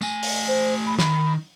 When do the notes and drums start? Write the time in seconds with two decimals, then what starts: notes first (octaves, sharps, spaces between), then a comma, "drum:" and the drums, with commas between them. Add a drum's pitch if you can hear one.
0.02 A3 G#5, drum: tambourine
0.23 drum: open hi-hat
0.48 C5
0.87 B5
0.99 D#3 B5, drum: snare